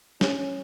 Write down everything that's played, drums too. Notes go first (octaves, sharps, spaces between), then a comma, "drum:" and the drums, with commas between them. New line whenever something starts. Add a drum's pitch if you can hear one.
C#4, drum: snare